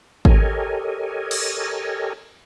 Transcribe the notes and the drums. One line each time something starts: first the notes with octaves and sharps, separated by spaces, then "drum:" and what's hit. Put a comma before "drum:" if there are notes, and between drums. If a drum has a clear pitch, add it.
G4 A4 A#4 C#5 D#5 G#5, drum: kick G#1
drum: cymbal